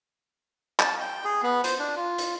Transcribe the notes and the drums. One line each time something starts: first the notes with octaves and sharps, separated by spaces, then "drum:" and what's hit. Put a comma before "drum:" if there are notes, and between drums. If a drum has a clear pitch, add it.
A5, drum: clap
G5
G#4
B3
C5, drum: hi-hat
D4
F4
drum: hi-hat